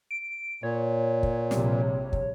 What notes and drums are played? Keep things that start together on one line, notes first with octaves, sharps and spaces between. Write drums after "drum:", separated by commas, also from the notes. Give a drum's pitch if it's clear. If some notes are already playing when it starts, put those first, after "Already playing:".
D7
A#2 C#5
drum: kick
A#1 C3 G3, drum: snare
drum: kick